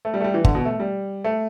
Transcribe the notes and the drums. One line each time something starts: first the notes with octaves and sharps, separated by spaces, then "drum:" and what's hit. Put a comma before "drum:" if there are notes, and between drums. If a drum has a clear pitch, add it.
A3
G3
A3
G3
E3
D3, drum: kick G1
B2
A3
G3
A3